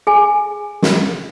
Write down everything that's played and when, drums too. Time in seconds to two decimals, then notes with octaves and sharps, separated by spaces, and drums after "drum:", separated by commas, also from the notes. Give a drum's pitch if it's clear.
0.07 G#4 G#5
0.82 drum: snare